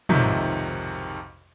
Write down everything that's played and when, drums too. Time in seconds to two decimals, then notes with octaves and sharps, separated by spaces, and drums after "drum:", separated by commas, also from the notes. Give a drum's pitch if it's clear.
0.09 B1 F2 G#2 C3 D#3, drum: tom